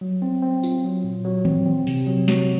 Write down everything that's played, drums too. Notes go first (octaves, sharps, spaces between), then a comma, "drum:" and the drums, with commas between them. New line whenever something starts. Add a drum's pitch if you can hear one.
F#3
C4
C4
F4, drum: tambourine
F#3
A#2
F#3
C4, drum: tom D#3
C4
C3, drum: open hi-hat
F#3
F#3, drum: snare